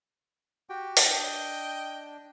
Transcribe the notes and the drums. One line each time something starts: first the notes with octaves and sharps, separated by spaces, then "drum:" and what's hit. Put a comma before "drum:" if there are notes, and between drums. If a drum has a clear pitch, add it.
F#4 G4 G5
drum: open hi-hat
D4 D#5 G5